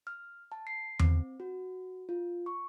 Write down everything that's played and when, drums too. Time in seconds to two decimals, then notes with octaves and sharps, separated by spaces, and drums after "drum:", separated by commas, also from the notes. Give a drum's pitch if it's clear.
0.07 F6
0.52 A5
0.67 C7
0.99 C4, drum: tom E2
1.40 F#4
2.09 F4
2.46 C#6